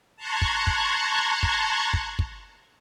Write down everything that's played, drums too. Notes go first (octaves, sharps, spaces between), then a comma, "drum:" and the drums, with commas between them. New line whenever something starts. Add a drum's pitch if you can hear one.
A5 A#5 C6 C#6 F#6 G#6
drum: kick
drum: kick
drum: kick
drum: kick
drum: kick